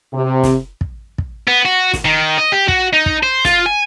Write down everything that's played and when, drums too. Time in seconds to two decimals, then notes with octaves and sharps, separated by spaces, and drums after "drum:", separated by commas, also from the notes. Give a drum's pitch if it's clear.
0.13 C3
0.43 drum: snare
0.81 drum: kick
1.18 drum: kick
1.48 B3
1.65 F#4
1.93 drum: snare
2.05 D#3
2.38 D#5
2.52 G4
2.68 F#4, drum: kick
2.93 D#4
3.06 drum: kick
3.23 C5
3.45 F4, drum: snare
3.66 G#5